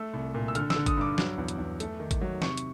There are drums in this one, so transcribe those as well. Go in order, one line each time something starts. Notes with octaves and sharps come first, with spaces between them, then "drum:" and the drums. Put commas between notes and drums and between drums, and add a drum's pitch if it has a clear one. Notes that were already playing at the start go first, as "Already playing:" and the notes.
Already playing: A3 E6
C2
A#2
E6
D3 F6, drum: hi-hat
E6, drum: snare
D3
D#6, drum: kick, hi-hat
G2 D6
F#3, drum: snare
E2
drum: hi-hat
E2
A3, drum: hi-hat
D#3
drum: kick, hi-hat
F#3
C3 C#6, drum: snare
drum: hi-hat